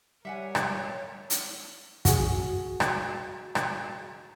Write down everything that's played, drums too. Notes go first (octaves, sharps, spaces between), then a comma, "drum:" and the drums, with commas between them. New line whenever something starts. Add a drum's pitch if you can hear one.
G3 A#4 C#5 E5 F#5 G#5
drum: rim click
drum: hi-hat
F#4 G#4, drum: kick, hi-hat
drum: rim click
drum: rim click